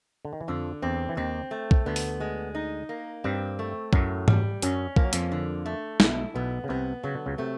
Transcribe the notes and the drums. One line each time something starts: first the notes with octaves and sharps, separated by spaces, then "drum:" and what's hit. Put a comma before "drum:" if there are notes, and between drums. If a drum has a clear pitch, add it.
D3
D#3
E3
F2 D3 F3
E2 E3 C4
E3
D#2 D#3 C4
A3
drum: kick B1
D2 D3 B3
drum: open hi-hat
G#3
D#4
A#3
G2 G3 C4
A3
F#2 A2 F#3, drum: kick B1
G3, drum: tom G#2
F#2 F#3 C#4, drum: hi-hat
F3 A#3, drum: kick B1
F#3
F2 F3, drum: hi-hat
D3
A3
B1 B2 E4, drum: snare
B1 B2 B3
C#3
C2 C3 B3
C#3 F#3
D3
C#2 C#3
C3 A3